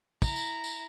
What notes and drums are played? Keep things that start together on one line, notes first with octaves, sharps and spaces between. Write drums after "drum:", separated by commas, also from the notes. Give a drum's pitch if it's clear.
E4 A#5, drum: kick, tambourine
drum: tambourine
drum: tambourine